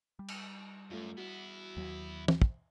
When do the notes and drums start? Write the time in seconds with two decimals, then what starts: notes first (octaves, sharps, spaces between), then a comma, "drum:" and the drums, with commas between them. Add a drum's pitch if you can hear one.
0.19 G3
0.28 drum: cymbal
0.91 F#2 A3 F4
1.18 B3 E4 F#4
1.77 D#2 F#3
2.28 drum: tom
2.42 drum: kick